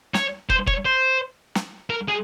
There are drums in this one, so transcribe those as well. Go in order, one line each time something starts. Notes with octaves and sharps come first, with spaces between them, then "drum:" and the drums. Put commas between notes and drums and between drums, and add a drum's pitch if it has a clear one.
C#5, drum: snare
C5, drum: kick
C#5, drum: kick
C5
drum: snare
A#4
G#4